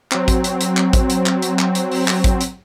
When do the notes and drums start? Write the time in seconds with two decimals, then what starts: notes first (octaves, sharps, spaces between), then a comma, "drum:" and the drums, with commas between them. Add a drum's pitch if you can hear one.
0.11 F#3 C4, drum: clap
0.28 drum: kick A1, hi-hat
0.44 drum: hi-hat
0.61 drum: hi-hat
0.77 drum: clap
0.93 drum: kick A1, hi-hat
1.10 drum: hi-hat
1.26 drum: clap
1.42 drum: hi-hat
1.59 drum: clap
1.75 drum: hi-hat
1.92 drum: open hi-hat
2.08 drum: clap
2.24 drum: kick A1, hi-hat
2.41 drum: hi-hat